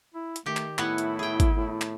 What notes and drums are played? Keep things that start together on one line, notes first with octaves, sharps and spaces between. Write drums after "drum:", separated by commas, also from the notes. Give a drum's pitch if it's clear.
E4
drum: hi-hat
D#3 A3 G4
drum: clap
A2 B3 E4 F#5 G#5, drum: clap
drum: hi-hat
G#4 G5
drum: kick G#1, hi-hat
A2
drum: clap